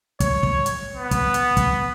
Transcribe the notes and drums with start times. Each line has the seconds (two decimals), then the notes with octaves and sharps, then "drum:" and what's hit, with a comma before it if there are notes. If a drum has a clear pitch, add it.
0.20 C#5, drum: kick, hi-hat
0.43 drum: kick
0.66 drum: hi-hat
0.96 B3
1.11 drum: kick, hi-hat
1.34 drum: hi-hat
1.57 drum: kick, hi-hat